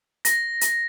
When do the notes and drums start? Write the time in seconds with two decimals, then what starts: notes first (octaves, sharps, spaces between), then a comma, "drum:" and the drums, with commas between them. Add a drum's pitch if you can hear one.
0.25 A#6, drum: hi-hat
0.61 drum: hi-hat